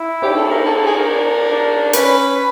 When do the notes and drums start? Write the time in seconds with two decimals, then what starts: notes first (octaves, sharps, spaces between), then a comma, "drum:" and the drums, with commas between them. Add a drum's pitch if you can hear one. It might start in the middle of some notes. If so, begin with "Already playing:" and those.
Already playing: E4
0.22 G4, drum: cymbal
0.37 A4
0.51 A#4
0.65 D#4 A4
0.76 A4
0.86 G#4
0.97 A#4
1.08 D4
1.50 D4
1.93 C#4 B4, drum: hi-hat
2.36 B4